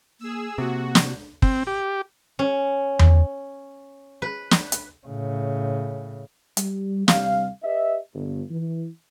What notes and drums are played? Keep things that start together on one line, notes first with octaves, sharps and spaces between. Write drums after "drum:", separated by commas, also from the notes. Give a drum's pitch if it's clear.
A#3 G#4 E6
C3 A#3 F#4
drum: snare
C4, drum: kick
G4
C#4
drum: tom E2
B4
drum: snare
drum: hi-hat
A2 C#3
G3, drum: hi-hat
C3 G3 F5, drum: snare
G4 B4 D#5 E5
G1
E3